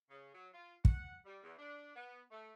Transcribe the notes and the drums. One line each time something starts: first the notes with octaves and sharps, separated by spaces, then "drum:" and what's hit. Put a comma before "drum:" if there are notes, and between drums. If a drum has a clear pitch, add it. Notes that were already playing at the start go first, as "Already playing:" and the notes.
C#3
F#3
F4
F#5, drum: kick
G3
E2
D4
B3
A3